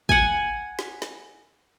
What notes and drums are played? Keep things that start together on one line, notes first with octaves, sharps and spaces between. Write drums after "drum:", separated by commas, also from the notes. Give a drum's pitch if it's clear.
F#5 G#5, drum: kick
drum: snare
drum: snare